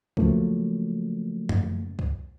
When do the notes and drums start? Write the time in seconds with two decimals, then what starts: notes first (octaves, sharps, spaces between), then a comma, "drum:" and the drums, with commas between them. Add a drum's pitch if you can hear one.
0.17 C#3 F3 F#3 A3 A#3 C#4, drum: kick C2
1.49 drum: tom F#2
1.99 drum: kick C2